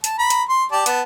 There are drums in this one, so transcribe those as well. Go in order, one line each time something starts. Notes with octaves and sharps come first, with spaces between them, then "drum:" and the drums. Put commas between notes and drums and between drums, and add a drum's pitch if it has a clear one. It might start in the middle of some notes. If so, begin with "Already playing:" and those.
A5, drum: hi-hat
A#5 B5
drum: hi-hat
C6
G4 D5 A5
B3 A5, drum: hi-hat